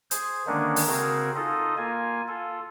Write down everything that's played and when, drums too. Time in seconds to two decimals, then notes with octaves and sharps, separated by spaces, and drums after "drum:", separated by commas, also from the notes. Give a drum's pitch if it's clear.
0.11 G#4 C5, drum: hi-hat
0.47 D3 D#3 G#3 A#3 C#4 D4
0.76 drum: open hi-hat
0.87 C#3 C4 F#4 G#4 A#4
1.36 D#4 F4 A4 D#5
1.77 A#3 F4 G#5
2.28 F4 A4